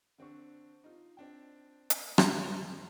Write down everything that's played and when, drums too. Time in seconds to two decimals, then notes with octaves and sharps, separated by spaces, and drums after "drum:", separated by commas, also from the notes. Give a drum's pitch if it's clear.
0.18 D3 C4 D4 C#6
0.84 D#4 F4
1.17 C4 D4 G5
1.90 drum: hi-hat
2.18 drum: rim click
2.45 F#1 C4